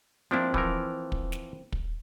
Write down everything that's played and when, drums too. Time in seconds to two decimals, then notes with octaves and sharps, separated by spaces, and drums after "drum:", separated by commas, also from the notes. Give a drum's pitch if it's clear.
0.31 F3 A#3 C4 D4 E4
0.54 E3 F3 A#4, drum: kick
1.12 drum: kick
1.32 drum: snare
1.72 drum: kick